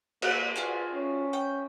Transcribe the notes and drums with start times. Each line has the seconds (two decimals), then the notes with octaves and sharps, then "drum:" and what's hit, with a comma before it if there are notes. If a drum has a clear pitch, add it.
0.22 A#3, drum: cymbal
0.56 F4 F#4 G#4 B4
0.94 C#4
1.33 G5